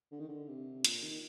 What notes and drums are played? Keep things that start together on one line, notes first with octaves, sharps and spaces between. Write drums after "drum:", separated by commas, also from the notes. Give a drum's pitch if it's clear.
D3
D#3
D3
C3
A#2, drum: hi-hat
D#3